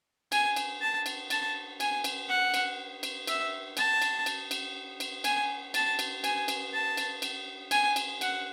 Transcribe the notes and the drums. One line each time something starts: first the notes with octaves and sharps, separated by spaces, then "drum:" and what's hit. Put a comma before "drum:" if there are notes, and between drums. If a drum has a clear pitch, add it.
G#5, drum: cymbal
drum: cymbal
A5
drum: cymbal
A5, drum: cymbal
G#5, drum: cymbal
drum: cymbal
F#5
drum: cymbal
drum: cymbal
E5, drum: cymbal
A5, drum: cymbal
drum: cymbal
drum: cymbal
drum: cymbal
drum: cymbal
G#5, drum: cymbal
A5, drum: cymbal
drum: cymbal
G#5, drum: cymbal
drum: cymbal
A5
drum: cymbal
drum: cymbal
G#5, drum: cymbal
drum: cymbal
F#5, drum: cymbal